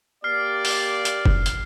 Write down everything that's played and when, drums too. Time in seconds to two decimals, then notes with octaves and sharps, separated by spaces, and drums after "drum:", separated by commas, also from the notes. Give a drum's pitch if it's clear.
0.24 A#3 G4 D5 F6 C7
0.65 drum: open hi-hat
1.05 drum: hi-hat
1.26 drum: kick
1.46 drum: hi-hat